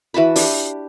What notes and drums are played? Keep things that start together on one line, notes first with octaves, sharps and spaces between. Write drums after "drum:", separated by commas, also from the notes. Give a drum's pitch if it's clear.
E3 F#4 A5 B5
D4 G4, drum: open hi-hat